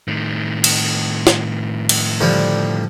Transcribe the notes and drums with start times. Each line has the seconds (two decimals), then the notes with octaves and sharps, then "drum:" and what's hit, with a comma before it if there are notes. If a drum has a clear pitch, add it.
0.08 A2 D#3
0.64 drum: cymbal
1.27 drum: snare
1.89 drum: cymbal
2.21 D3 F3 G3